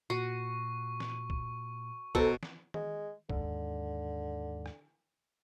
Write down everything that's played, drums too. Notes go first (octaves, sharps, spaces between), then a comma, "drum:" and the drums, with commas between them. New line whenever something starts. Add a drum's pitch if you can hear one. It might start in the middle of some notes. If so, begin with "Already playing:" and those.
A#2 F#4 C#6 C7
drum: snare
drum: kick
B2 A4 B4 C5 A#5, drum: kick
drum: snare
G#3, drum: tom D#3
D#2 G#2 D3, drum: kick
drum: rim click